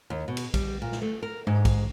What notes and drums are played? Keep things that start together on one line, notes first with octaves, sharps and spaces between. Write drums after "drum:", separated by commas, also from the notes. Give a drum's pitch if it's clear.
D#2
B2
drum: cymbal
G3, drum: kick A#1, cymbal
A#2
drum: snare
A3
A#4
G#2, drum: tom G#3
drum: kick A#1, cymbal